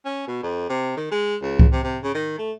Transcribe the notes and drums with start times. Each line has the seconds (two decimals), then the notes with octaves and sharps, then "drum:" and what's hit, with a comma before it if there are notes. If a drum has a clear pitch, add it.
0.05 C#4
0.27 B2
0.43 F2
0.69 C3
0.97 D#3
1.11 G#3
1.42 C#2
1.59 drum: kick C2
1.72 C3
1.83 C3
2.03 C#3
2.14 D#3
2.38 A3